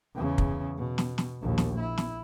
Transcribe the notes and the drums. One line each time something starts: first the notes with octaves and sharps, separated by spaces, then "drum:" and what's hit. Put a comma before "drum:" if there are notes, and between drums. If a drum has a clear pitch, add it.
E2 C#3
drum: kick
B2
drum: snare
drum: snare
A#1 D#2
drum: snare
E4
drum: snare